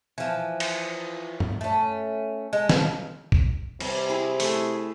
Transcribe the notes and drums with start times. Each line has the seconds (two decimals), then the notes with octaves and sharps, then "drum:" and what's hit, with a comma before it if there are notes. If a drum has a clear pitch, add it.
0.18 E3 F3
0.60 drum: cymbal
1.40 drum: tom G2
1.61 A3 C#4
2.53 G#3
2.69 F3, drum: snare
3.32 drum: kick A#1
3.80 C3 G3, drum: cymbal
4.10 E4 G#4
4.40 A3 G#4, drum: open hi-hat